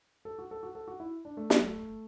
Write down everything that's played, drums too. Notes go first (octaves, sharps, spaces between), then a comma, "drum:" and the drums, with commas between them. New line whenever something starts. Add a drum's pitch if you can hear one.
A4
F#4
A4
F#4
A4
F#4
E4
D4
A3
F#3, drum: snare
A3